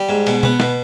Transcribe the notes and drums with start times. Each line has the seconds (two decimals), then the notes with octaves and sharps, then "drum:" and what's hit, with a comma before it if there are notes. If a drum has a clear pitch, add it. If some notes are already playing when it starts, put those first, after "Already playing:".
Already playing: G3
0.09 G#2
0.27 B2, drum: cymbal
0.43 B3, drum: tom B2
0.60 B2, drum: snare